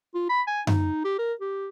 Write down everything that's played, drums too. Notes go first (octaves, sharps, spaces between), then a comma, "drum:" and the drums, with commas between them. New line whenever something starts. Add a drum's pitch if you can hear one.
F4
B5
G#5
D#4, drum: tom F#2
G4
A#4
G4